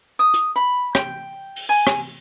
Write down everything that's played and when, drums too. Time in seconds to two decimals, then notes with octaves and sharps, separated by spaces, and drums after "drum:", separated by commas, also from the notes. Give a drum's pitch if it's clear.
0.19 D#6
0.34 drum: hi-hat
0.56 B5
0.95 G5, drum: rim click
1.56 drum: open hi-hat
1.69 G#5
1.87 drum: rim click